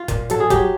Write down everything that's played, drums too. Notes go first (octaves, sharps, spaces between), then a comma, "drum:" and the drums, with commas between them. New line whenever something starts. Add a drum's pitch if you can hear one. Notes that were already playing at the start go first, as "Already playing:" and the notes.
Already playing: F4
A#2, drum: kick F#1, hi-hat
F#3 A4, drum: hi-hat
G#4
F#3 G4, drum: kick F#1, hi-hat